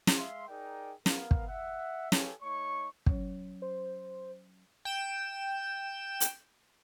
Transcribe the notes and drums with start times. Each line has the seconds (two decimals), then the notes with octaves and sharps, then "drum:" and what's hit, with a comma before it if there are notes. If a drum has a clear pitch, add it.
0.07 drum: snare
0.17 G#3 E5 F5 C6
0.48 D#4 G#4 A#4 D5 G5
1.06 B3 A#4 F5, drum: snare
1.31 drum: kick
1.47 E5 F#5
2.12 G4 A4 B4 C#5 F5 G#5, drum: snare
2.42 A3 D#4 C#5 C#6
3.06 F#3 C#4 C#5, drum: kick
3.62 C5
4.85 G5 E7
6.20 drum: hi-hat